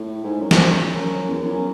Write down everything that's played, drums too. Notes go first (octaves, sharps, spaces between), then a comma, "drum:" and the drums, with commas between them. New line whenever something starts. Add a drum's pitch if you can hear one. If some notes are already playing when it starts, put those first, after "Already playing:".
Already playing: A2
G#2
F#2
drum: snare
F#2
E2
E2
F#2